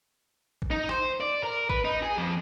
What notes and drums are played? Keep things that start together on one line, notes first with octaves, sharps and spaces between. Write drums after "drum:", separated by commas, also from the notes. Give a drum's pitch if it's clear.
drum: kick A1
D#4
C5, drum: rim click
D5
A#4
B4, drum: kick A1
D#4
G#4
F2